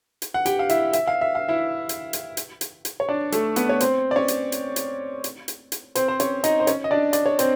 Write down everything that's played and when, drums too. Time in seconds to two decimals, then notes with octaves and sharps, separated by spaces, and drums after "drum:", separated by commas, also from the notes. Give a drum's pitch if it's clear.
0.22 drum: hi-hat
0.34 F#5
0.46 G4 G5, drum: hi-hat
0.59 F5
0.69 E4 E5, drum: hi-hat
0.93 E5, drum: hi-hat
1.08 F5
1.21 E5
1.35 F5
1.49 E4 E5
1.89 drum: hi-hat
2.13 drum: hi-hat
2.37 drum: hi-hat
2.61 drum: hi-hat
2.85 drum: hi-hat
3.00 C#5
3.09 D4 D5
3.32 A3 A4, drum: hi-hat
3.56 B3 B4, drum: hi-hat
3.69 C#5
3.80 C4 C5, drum: hi-hat
4.11 D5
4.16 C#4 C#5
4.28 drum: hi-hat
4.52 drum: hi-hat
4.76 drum: hi-hat
5.24 drum: hi-hat
5.48 drum: hi-hat
5.72 drum: hi-hat
5.95 C4 C5, drum: hi-hat
6.08 C5
6.20 C#4 C#5, drum: hi-hat
6.44 D#4 D#5, drum: hi-hat
6.60 C5
6.67 C#4 C#5, drum: hi-hat
6.84 D#5
6.91 D4 D5
7.13 D5, drum: hi-hat
7.26 C#5
7.39 C4 C5, drum: hi-hat